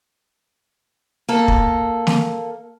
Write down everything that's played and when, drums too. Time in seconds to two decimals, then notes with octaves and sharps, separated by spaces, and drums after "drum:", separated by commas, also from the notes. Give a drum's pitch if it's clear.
1.28 A#3 A4
1.48 drum: kick
2.07 drum: snare